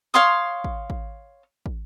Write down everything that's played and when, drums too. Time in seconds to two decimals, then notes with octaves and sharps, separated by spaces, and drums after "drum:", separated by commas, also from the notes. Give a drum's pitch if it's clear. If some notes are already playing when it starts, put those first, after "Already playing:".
0.14 C#5 F5 C6 D#6
0.64 drum: kick
0.90 drum: kick
1.66 drum: kick